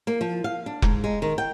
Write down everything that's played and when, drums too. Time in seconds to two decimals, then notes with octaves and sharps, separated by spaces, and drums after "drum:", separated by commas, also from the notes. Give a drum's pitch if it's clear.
0.07 A#3
0.21 F3
0.44 F5
0.66 D4
0.82 G#2, drum: kick F1
1.04 G#3
1.22 D#3
1.38 G5